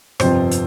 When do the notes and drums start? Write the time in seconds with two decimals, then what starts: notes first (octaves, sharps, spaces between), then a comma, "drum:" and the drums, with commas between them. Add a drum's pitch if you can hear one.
0.20 G1 F2 C3 F3 C5, drum: rim click
0.51 drum: hi-hat